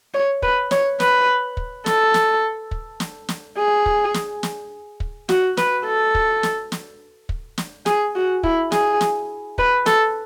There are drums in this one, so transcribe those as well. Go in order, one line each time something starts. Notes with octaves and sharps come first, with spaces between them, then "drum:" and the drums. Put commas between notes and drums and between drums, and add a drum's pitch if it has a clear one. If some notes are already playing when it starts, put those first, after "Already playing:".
C#5
B4, drum: kick
C#5, drum: snare
B4, drum: snare
drum: kick
A4, drum: snare
drum: snare
drum: kick
drum: snare
drum: snare
G#4
drum: kick
drum: snare
drum: snare
drum: kick
F#4, drum: snare
B4, drum: snare
A4
drum: kick
drum: snare
drum: snare
drum: kick
drum: snare
G#4, drum: snare
F#4
E4, drum: kick
G#4, drum: snare
drum: snare
B4, drum: kick
A4, drum: snare